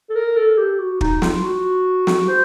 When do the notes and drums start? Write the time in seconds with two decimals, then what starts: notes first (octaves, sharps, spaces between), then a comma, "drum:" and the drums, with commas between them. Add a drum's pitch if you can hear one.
0.10 A4
0.15 A#4
0.37 A4
0.58 G4
0.79 F#4
1.01 D#4, drum: kick
1.22 F4, drum: snare
1.43 F#4
2.07 drum: snare
2.28 C5